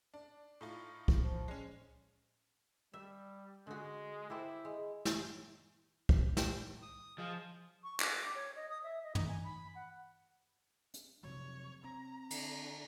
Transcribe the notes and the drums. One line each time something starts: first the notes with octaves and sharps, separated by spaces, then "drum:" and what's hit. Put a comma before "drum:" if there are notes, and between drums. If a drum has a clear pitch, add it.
D4
A2 D#4 F4
drum: kick
F3
G#3 C#4
G3 E5
D3 G#3 F#4
E4 G4 A4 C5
G#3
drum: snare
drum: kick
drum: snare
D#6
F3 G#4 D#5 F5
C#6
D6, drum: clap
C#5
D#5
D#6
E5
D#5
D#4, drum: tom
G#5
B5
F#5
drum: hi-hat
C3 F3 F#3 C#5
C4 A#5
D3 D4, drum: cymbal